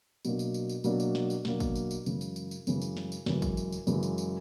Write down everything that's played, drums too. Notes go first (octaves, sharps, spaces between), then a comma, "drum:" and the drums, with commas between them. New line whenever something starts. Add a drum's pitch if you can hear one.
B2 F#3 A#3 D4, drum: tambourine
drum: tambourine
drum: tambourine
drum: tambourine
B2 F#3 A#3 D4, drum: tambourine
drum: tambourine
drum: snare
drum: tambourine
B2 F#3 A#3 D4, drum: snare
drum: kick, tambourine
drum: tambourine
drum: tambourine
F#2 C#3 E3 G#3, drum: tambourine
drum: tambourine
drum: tambourine
drum: tambourine
F#2 C#3 E3 G#3, drum: tambourine
drum: tambourine
drum: snare
drum: tambourine
F#2 C#3 E3 G#3, drum: snare
drum: kick, tambourine
drum: tambourine
drum: tambourine
F#2 C#3 E3 G#3, drum: tambourine
drum: tambourine
drum: tambourine